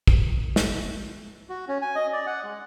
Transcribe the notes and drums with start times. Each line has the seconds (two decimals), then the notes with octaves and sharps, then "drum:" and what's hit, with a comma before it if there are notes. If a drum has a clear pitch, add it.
0.07 drum: kick
0.56 drum: snare
1.50 F#4
1.68 C#4
1.82 G#5
1.96 D#5
2.13 D5
2.27 F#5
2.44 G#3